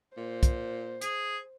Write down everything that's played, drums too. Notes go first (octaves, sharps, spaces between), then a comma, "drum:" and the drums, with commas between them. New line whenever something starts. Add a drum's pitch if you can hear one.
A#2 C5
drum: kick, hi-hat
G#4, drum: hi-hat